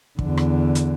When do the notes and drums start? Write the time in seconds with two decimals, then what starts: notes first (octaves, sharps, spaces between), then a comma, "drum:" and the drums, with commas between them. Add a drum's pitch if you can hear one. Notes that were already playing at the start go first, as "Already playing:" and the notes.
0.19 E2 D3, drum: kick
0.37 drum: rim click
0.75 drum: hi-hat